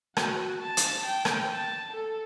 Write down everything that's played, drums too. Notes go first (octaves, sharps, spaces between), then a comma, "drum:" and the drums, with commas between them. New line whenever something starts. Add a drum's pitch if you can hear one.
F#4, drum: rim click
A5
drum: hi-hat
G5
drum: rim click
A5
A4